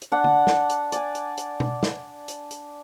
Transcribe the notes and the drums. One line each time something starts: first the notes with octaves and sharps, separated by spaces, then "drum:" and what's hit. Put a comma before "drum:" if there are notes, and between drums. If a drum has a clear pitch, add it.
drum: hi-hat
D4 F#5
drum: tom
drum: snare
drum: hi-hat
D5 G#5, drum: hi-hat
drum: hi-hat
drum: hi-hat
drum: tom B2
drum: snare
drum: hi-hat
drum: hi-hat